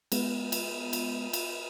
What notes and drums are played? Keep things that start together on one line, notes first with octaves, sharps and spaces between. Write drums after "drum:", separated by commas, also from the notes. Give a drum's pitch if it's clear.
G#3 B3, drum: cymbal
drum: cymbal
drum: cymbal
drum: cymbal